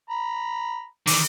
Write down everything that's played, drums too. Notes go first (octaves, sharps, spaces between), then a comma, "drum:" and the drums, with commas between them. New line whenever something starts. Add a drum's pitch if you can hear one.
A#5 B5
D#3 E3 D6, drum: open hi-hat